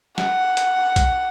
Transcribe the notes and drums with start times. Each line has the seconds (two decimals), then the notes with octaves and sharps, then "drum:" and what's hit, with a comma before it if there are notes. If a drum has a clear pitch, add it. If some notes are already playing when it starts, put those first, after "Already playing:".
0.18 F#5, drum: snare
0.57 drum: hi-hat
0.96 drum: kick B1, hi-hat